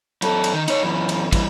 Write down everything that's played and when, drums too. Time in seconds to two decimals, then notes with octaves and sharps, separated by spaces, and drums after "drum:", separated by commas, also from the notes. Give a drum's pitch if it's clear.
0.22 F#2 A4, drum: cymbal
0.44 drum: cymbal
0.53 D#3
0.68 D#4 C#5, drum: cymbal
0.82 F#2 E3
1.09 drum: cymbal
1.32 G2 E3, drum: kick, cymbal